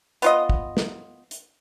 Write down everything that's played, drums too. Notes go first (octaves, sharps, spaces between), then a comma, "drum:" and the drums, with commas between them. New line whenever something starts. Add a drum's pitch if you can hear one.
B3 F4 D#5, drum: hi-hat
drum: kick
drum: snare
drum: hi-hat